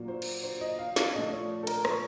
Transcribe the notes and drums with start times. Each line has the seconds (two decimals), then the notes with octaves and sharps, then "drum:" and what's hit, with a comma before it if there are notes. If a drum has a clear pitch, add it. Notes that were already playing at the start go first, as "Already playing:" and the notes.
Already playing: A#2 F#3 A#3
0.08 C5
0.22 drum: cymbal
0.43 C5
0.61 D#5
0.79 F5
0.96 F5, drum: snare
1.14 A#2 F3 A3 D#5
1.32 C#5
1.63 A4
1.67 A#4, drum: cymbal
1.85 C#5, drum: rim click